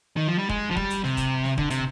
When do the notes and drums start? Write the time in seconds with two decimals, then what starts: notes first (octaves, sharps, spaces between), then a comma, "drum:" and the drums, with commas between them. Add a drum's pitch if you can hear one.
0.16 D#3
0.28 F3
0.38 G3
0.50 G#3, drum: kick
0.71 F3
0.77 G3, drum: kick
0.90 drum: hi-hat
1.04 C3, drum: snare
1.17 drum: kick, hi-hat
1.44 drum: snare
1.58 D3, drum: kick
1.70 C3, drum: hi-hat